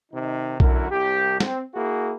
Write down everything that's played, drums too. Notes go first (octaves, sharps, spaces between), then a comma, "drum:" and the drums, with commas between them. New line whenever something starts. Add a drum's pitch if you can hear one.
C3 D#3 D#4
F#2 D3 E4 F#4 A#4, drum: kick B1
C2 G4
C4, drum: snare
A#3 E4 F#4 G#4